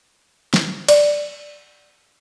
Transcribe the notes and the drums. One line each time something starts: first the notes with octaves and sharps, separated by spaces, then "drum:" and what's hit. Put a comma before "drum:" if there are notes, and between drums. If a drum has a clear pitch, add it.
drum: snare
D5, drum: cymbal